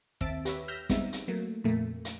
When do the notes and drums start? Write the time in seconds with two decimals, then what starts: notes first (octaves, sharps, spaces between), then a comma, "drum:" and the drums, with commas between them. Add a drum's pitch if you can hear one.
0.21 D#2 C4 E5 A5 A6 D7, drum: kick
0.45 G4 B4 C#5 E5, drum: hi-hat
0.68 E6 F6 G6 A#6 B6
0.89 G3 G#3 B3 C4 D#4 E5, drum: kick, hi-hat
1.13 drum: hi-hat
1.28 F#3 A3 A#3
1.64 F2 A#2 A3 A#3
2.05 drum: hi-hat